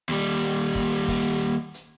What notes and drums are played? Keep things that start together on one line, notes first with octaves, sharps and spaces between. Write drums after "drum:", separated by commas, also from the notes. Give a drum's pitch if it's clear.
D#2 G3
drum: hi-hat
drum: hi-hat
drum: kick, hi-hat
drum: hi-hat
drum: kick, open hi-hat
drum: hi-hat
drum: hi-hat